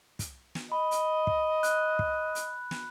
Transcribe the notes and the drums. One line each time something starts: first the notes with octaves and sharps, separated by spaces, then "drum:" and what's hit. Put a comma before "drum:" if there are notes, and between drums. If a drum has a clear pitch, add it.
drum: kick, hi-hat
drum: snare
D#5 B5
drum: hi-hat
drum: kick
F#6, drum: hi-hat
drum: kick
drum: hi-hat
drum: snare